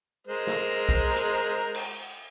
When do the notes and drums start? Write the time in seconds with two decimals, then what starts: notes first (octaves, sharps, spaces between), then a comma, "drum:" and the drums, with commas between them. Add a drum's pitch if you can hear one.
0.27 G#3 A#4 C5
0.47 drum: snare
0.89 drum: kick B1
1.16 drum: hi-hat
1.75 drum: cymbal